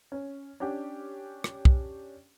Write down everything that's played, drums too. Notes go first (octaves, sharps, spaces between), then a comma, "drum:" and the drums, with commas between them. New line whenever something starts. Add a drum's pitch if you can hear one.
C#4
C#4 D4 G4 G5
drum: rim click
drum: kick